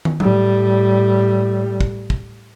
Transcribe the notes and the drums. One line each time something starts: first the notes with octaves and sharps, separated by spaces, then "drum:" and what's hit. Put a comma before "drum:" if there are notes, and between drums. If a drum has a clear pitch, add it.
drum: tom
A2 G3, drum: tom F#3
drum: kick
drum: kick